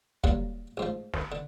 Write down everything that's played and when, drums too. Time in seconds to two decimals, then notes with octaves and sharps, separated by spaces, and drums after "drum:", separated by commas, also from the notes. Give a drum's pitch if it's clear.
0.24 G2 D3 F#3 A#3, drum: kick
0.77 A1 G#2 F3
1.14 drum: snare
1.32 D3